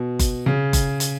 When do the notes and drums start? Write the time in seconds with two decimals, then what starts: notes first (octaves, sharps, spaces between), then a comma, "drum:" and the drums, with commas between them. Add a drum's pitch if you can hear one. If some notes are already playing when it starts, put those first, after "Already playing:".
Already playing: B2
0.19 drum: kick F#1, hi-hat
0.46 C#3
0.73 drum: kick F#1, hi-hat
1.00 drum: hi-hat